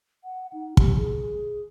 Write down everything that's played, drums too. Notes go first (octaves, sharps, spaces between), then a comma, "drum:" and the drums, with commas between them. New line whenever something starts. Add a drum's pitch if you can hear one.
F#5
D#4
G4, drum: kick
G#4